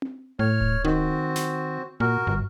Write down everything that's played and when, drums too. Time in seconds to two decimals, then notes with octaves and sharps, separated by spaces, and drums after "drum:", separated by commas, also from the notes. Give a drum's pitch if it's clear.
0.02 drum: tom C4
0.39 A2 C#5 F6
0.61 drum: kick D1
0.85 D#3 C4 F#4
1.36 drum: snare
2.00 A#2 F#4 A#4
2.27 G1